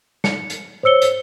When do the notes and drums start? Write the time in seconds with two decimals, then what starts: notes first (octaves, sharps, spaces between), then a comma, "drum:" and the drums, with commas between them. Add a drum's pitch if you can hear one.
0.24 C#7, drum: snare
0.50 drum: hi-hat
0.83 C5 C#5 E6 C#7 G7
1.02 drum: hi-hat